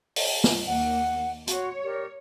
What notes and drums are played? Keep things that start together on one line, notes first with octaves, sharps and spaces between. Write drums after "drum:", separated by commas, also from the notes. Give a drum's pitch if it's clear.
drum: open hi-hat
drum: snare
D#2 A#3 F#5
F#4 C#5 C6, drum: hi-hat
G4 A#4 D5